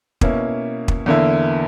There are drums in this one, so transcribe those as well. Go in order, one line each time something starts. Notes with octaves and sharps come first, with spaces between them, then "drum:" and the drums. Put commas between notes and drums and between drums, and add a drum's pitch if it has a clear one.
B2 A#3 C#4 E4, drum: kick
drum: kick
E2 D3 A#3 E4